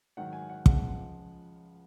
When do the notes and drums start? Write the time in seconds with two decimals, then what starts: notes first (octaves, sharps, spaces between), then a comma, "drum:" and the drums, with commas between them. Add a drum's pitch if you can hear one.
0.17 G#2 D#3 F#3 F#5
0.33 G#5
0.50 F#5
0.66 C#2 C#3 F3 G#3 F#5, drum: kick